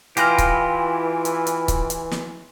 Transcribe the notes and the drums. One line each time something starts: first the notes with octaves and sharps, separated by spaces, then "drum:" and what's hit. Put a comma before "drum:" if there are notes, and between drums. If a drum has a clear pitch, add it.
E3 E4 F4 G4 G#5 C6 F6 A#6, drum: hi-hat
drum: kick C#1, hi-hat
drum: hi-hat
drum: hi-hat
drum: kick C#1, hi-hat
drum: hi-hat
drum: snare